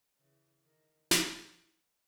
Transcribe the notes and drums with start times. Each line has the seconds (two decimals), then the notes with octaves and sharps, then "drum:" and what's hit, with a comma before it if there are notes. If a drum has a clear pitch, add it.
0.17 C#3 E3
0.62 D#3
1.11 drum: snare